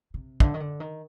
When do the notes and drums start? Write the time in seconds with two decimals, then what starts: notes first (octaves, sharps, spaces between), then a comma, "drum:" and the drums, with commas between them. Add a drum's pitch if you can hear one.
0.14 C3
0.40 D3, drum: kick
0.54 D#3
0.60 D3
0.80 D#3